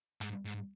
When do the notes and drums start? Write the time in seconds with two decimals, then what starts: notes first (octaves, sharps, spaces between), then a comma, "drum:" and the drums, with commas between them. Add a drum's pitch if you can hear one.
0.21 G#2, drum: hi-hat
0.45 G#2